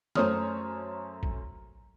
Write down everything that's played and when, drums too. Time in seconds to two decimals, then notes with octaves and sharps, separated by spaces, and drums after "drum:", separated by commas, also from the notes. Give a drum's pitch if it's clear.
0.15 F#2 A3 C5 C#5 D#6 F6, drum: snare
1.23 drum: kick